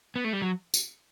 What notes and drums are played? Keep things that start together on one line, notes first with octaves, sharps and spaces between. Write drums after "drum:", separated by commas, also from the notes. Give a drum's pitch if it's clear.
B3
A3
G3
F#3
drum: tambourine